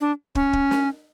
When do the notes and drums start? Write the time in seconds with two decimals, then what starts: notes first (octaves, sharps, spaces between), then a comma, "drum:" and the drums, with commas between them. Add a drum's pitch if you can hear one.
0.01 D4
0.35 C#4, drum: kick
0.53 drum: kick
0.71 drum: snare